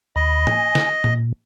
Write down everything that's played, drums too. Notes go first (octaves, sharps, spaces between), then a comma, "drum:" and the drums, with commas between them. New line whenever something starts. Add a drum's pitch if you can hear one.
D#2 D#5 B5
G#5, drum: tom A2
drum: snare
A#2, drum: tom A2